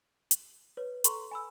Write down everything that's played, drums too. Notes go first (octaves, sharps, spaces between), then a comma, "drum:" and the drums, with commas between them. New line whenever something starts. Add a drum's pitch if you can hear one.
drum: hi-hat
B4 C#5
A4 A#5 C6 C#6, drum: hi-hat
G#5 B5 E6